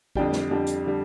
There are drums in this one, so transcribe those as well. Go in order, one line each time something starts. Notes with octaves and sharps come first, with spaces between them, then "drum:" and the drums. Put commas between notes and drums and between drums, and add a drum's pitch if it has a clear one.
F2 D3 G3 D5 G5, drum: kick
drum: snare
F2 D3 G3
drum: hi-hat
D3 G3